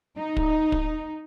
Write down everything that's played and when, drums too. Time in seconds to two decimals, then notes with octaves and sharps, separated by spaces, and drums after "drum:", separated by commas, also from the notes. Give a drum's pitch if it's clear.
0.19 D#4
0.37 drum: kick
0.72 drum: kick